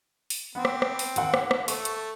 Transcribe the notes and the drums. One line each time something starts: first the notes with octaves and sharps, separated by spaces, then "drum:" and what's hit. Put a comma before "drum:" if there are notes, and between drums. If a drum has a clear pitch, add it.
drum: open hi-hat
B3 C4
drum: rim click
drum: rim click
drum: open hi-hat
D#2 F#5, drum: hi-hat
drum: rim click
drum: rim click
A3 C#6, drum: open hi-hat
drum: hi-hat